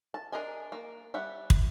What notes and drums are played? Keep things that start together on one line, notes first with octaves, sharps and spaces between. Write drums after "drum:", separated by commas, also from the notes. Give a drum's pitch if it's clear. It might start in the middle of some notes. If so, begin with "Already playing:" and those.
A5
D4 G#4 A#4 D#5 G#5
A#3
G3 E5 F#5
drum: kick